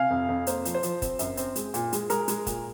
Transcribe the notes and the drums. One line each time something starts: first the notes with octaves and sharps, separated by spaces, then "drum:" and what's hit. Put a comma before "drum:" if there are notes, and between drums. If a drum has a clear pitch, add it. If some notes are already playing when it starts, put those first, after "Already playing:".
Already playing: C3 F5 G#5
F2
F2
A#3 C5, drum: hi-hat
F3, drum: hi-hat
C5
F3, drum: hi-hat
C4, drum: kick, hi-hat
F#2, drum: hi-hat
C4, drum: hi-hat
G#3, drum: hi-hat
A#2, drum: hi-hat
G#3, drum: hi-hat
G#3 A#4, drum: hi-hat
G#3, drum: hi-hat
A#2, drum: kick, hi-hat